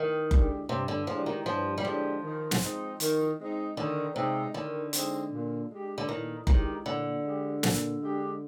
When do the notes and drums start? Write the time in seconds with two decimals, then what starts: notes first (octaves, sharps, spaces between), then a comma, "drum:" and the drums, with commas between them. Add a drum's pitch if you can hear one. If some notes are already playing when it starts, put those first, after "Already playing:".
Already playing: D#3
0.31 D3 G#3 D4 G4, drum: kick F#1
0.69 G2 C3
0.88 D3
1.07 D3 F3 G#3 D4 G4
1.26 D#3
1.46 G2 F3
1.78 G3
1.85 D3 F3 G#3 D4 G4
2.23 D#3
2.51 drum: snare
2.61 G#3 C4 D#4
3.00 D#3, drum: hi-hat
3.39 G#3 C4 D#4
3.77 D3 D#3
4.16 C3 G#3 C4 D#4
4.54 D3 D#3
4.93 G#3 C4 D#4, drum: hi-hat
5.31 A#2
5.70 G#3 D4 G4
5.98 D3
6.09 A#2 D#3
6.47 D#3 G#3 D4 G4, drum: kick F#1
6.86 A#2 D3
7.23 G#3 D4 G4
7.63 A#2, drum: snare
8.01 G#3 D4 G4